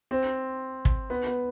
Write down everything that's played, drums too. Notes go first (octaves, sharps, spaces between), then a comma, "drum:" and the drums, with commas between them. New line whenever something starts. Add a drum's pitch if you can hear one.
C4
drum: kick
B3
B3